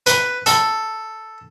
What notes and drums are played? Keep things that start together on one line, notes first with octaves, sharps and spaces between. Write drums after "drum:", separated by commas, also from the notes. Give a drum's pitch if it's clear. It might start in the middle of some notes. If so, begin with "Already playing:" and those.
B4, drum: hi-hat
A4, drum: hi-hat